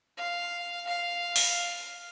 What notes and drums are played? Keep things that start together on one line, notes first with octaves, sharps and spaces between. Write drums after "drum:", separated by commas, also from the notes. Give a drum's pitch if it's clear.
F5
F5
drum: open hi-hat